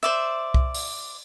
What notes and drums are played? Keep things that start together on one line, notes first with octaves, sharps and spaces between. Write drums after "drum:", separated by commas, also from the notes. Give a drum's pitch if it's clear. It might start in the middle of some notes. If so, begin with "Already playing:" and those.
C5 D5 E5
drum: kick C2
drum: open hi-hat